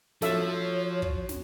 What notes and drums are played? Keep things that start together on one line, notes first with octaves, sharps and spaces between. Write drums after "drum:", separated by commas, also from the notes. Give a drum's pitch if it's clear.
F3 F#4 A4 C#5 E5, drum: snare
drum: kick
drum: snare